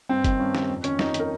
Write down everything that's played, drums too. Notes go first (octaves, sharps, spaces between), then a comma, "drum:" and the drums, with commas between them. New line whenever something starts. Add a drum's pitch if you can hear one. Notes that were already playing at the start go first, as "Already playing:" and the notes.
G2 C4
D#3, drum: kick, hi-hat
G2 C#4
D#3, drum: snare
F2
D#3 C#4, drum: hi-hat
F2 D#4, drum: snare
C#4
D#3, drum: hi-hat
A#4